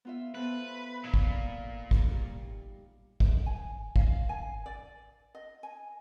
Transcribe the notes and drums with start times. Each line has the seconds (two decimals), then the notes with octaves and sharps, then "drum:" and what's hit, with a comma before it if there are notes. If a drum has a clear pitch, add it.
0.05 B3 F4 E5
0.35 B3 A4 B4 C5
1.04 A#2 D#4 F5 B5
1.14 drum: kick
1.91 drum: kick
2.09 G3
3.20 drum: kick
3.46 G#5
3.96 F5, drum: kick
4.29 G#5
4.66 D5
5.35 D#5
5.63 G#5